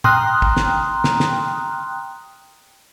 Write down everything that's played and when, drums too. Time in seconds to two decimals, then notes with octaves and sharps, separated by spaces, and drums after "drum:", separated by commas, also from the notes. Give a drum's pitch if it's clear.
0.04 G5 A#5 C6 D#6 F6 F#6, drum: tom
0.42 drum: kick
0.57 drum: snare
1.04 drum: snare
1.20 drum: snare